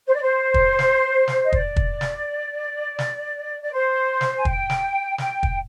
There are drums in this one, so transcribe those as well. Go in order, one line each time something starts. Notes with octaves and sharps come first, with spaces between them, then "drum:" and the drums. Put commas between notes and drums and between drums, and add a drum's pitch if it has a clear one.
C5
D5
C5
drum: kick
drum: snare
drum: snare
D#5
D5, drum: kick
drum: kick
drum: snare
drum: snare
D5
C5
drum: snare
G#5
G5, drum: kick
drum: snare
G5, drum: snare
drum: kick